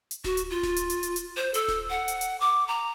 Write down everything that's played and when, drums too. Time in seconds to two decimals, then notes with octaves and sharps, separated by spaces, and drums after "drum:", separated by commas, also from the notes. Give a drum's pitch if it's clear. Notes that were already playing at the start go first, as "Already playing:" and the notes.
0.11 drum: hi-hat
0.24 F#4, drum: snare D1
0.37 drum: hi-hat
0.50 F4
0.63 drum: snare D1
0.76 drum: hi-hat
0.90 drum: hi-hat
1.03 drum: hi-hat
1.16 drum: hi-hat
1.37 C5
1.54 A4, drum: hi-hat
1.68 drum: snare D1
1.90 F#5
2.08 drum: hi-hat
2.21 drum: hi-hat
2.40 D6
2.68 A#5